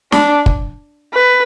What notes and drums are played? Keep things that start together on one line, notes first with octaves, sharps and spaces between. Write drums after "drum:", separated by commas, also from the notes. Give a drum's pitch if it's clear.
D4, drum: snare
drum: kick
B4